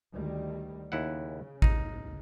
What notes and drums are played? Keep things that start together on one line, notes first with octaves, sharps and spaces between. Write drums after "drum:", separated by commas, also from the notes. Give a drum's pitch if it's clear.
D2 D#3 G3
D#2 C#3 E4 F#5
D#4, drum: kick A1